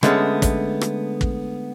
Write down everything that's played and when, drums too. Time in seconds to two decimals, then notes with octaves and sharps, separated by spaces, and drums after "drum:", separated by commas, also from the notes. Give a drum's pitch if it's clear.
0.03 D3 G#3 A3 B3 C#4, drum: rim click
0.42 drum: kick, hi-hat
0.81 drum: rim click
1.21 drum: kick